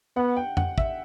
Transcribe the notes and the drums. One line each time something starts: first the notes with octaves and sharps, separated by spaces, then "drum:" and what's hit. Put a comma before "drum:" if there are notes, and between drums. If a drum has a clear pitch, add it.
B3 F#5
G5
F#5, drum: tom F2
E5, drum: kick